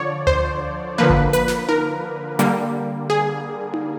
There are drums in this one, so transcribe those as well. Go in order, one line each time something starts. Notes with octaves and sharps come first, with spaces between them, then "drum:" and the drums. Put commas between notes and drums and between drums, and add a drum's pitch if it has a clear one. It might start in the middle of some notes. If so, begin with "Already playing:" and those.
Already playing: D3 F3 C#5 D5
C5, drum: tom D2
D3 F3 A#3 B4
drum: kick G#1
B4, drum: hi-hat
drum: snare
A#4, drum: tom D#4
D3 G3 A#3, drum: hi-hat
G#4
drum: tom D#4